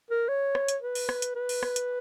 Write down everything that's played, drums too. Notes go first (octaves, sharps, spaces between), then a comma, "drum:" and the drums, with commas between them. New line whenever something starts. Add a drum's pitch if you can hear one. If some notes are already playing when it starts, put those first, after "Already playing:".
A#4
C#5
drum: rim click
drum: hi-hat
B4
drum: open hi-hat
drum: rim click
drum: hi-hat
B4
drum: open hi-hat
drum: rim click
drum: hi-hat